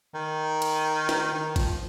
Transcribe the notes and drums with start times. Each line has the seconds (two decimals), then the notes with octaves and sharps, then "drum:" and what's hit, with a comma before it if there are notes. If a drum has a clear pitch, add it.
0.14 D#3
0.62 drum: cymbal
1.09 drum: snare
1.33 D#3
1.56 F3, drum: kick, cymbal